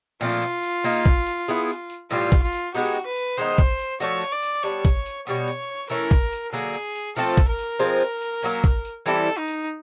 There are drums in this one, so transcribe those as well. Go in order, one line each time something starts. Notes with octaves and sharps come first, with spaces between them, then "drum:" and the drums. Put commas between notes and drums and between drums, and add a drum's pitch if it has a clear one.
A#2 F3 A3 C4 F4, drum: tambourine
drum: tambourine
drum: tambourine
A#3 D#4 G#4, drum: tambourine
drum: kick, tambourine
drum: tambourine
B3 E4 G#4, drum: tambourine
drum: tambourine
drum: tambourine
A2 E3 G3 F4, drum: tambourine
drum: kick, tambourine
F4
drum: tambourine
G#3 B3 D#4 F#4 G4, drum: tambourine
drum: tambourine
B4
drum: tambourine
D#3 G#3 B3 D#4 C5, drum: tambourine
drum: kick
drum: tambourine
F3 A3 D4 F#4 C#5, drum: tambourine
drum: tambourine
D5
drum: tambourine
G3 B3 D4 C#5, drum: tambourine
drum: kick, tambourine
drum: tambourine
B2 G3 B3 C#5, drum: tambourine
drum: tambourine
E3 A3 C#4 E4 A#4, drum: tambourine
drum: kick, tambourine
drum: tambourine
D3 F#3 A#3 G#4
drum: tambourine
drum: tambourine
F3 A3 C4 F4 A4, drum: tambourine
drum: kick, tambourine
A#4
drum: tambourine
F3 G#3 C4 F4, drum: tambourine
drum: tambourine
drum: tambourine
F#3 A#3 C#4, drum: tambourine
drum: kick, tambourine
drum: tambourine
E3 G3 C4 E4 A4, drum: tambourine
drum: tambourine
D#4
drum: tambourine